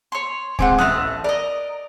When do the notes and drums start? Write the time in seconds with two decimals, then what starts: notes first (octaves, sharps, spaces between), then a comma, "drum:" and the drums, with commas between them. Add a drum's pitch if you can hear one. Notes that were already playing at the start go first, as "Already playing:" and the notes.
0.12 C#5 C6
0.59 G#3 C4 F#5 G#5 C6 D6, drum: kick C#2
0.78 A1 A3 D#6 F#6, drum: snare B3
1.24 A#4 D5 D#5